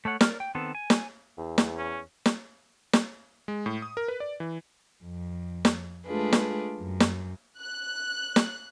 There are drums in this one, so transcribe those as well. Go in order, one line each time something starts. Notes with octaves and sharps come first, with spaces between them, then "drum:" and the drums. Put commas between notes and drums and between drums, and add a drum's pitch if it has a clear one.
A3 A4 C#5 F#5
A#4 D5 F6, drum: snare
G5
D#3 B3 C4 A4
G#5
drum: snare
E2
drum: snare
C#4
drum: snare
drum: snare
G#3
A2
D#6
A#4
B4
D5
E3
F2
drum: snare
G#3 A3 D4 F4 G#4 B4
drum: snare
F#2
drum: snare
F#6
drum: snare